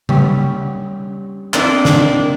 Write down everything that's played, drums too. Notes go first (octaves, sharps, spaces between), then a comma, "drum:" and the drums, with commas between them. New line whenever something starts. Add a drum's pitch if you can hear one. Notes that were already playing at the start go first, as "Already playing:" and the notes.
G3 C#4, drum: tom C#3
D#3 A#3 C4 D4 D#4, drum: clap
drum: snare